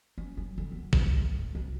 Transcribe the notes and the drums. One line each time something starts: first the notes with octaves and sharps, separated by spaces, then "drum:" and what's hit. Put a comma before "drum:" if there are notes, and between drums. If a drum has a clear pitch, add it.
C#4
F#3
D3
B3
drum: kick A1
C#2
D2
A2
C2